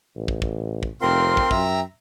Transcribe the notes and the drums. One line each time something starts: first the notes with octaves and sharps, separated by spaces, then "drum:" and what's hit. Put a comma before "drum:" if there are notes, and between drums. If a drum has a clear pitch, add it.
A1
drum: kick
drum: kick
drum: kick
F1 C4 F4 A#4 G5 C6
drum: kick
F#2 E5 A#5, drum: kick